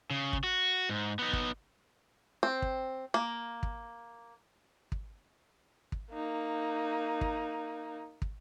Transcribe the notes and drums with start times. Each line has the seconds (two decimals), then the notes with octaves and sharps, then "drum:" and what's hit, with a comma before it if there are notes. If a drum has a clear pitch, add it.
0.10 C#3
0.33 drum: kick
0.44 F#4
0.89 G#2
1.19 B3 D#4
1.33 drum: kick
2.43 C4
2.62 drum: kick
3.14 A#3
3.63 drum: kick
4.92 drum: kick
5.92 drum: kick
6.12 A#3 D#4
7.21 drum: kick
8.22 drum: kick